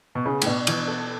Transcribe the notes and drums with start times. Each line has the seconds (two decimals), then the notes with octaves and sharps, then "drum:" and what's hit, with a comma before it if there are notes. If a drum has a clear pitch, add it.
0.15 B2
0.26 C#3 B3
0.42 A2, drum: cymbal
0.46 B2 D4
0.67 B2 E3, drum: cymbal
0.88 A4